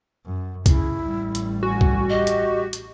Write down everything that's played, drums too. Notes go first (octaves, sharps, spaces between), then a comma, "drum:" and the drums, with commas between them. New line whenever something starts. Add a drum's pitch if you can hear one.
F#2
C#3 E4, drum: kick, hi-hat
A1 G3
drum: hi-hat
F#4 G#5
drum: kick
G4 D#5
drum: hi-hat
drum: hi-hat